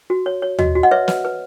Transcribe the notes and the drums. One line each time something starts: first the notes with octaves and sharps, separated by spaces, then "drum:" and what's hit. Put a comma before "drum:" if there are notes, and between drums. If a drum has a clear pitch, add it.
F#4
C#5
C#5
F#4 D#5, drum: tom
F#4
D#5 F#5
B4 C#5 E5
B4, drum: snare
B4